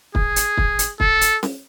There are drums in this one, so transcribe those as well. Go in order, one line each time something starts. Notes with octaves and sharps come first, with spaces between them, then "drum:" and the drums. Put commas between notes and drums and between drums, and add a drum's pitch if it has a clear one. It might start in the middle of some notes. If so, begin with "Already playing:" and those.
G#4, drum: kick
drum: hi-hat
drum: kick
drum: hi-hat
A4, drum: kick
drum: hi-hat
drum: snare C#4